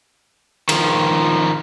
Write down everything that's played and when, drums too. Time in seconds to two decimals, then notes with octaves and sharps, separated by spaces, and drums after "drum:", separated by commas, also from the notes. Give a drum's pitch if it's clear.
0.69 D#3 F3, drum: cymbal